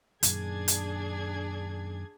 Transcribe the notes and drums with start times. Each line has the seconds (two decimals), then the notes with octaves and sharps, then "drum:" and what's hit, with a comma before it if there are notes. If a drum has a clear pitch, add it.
0.23 F#2 A#2 D#3 D4 G#4 G#6, drum: hi-hat
0.68 drum: hi-hat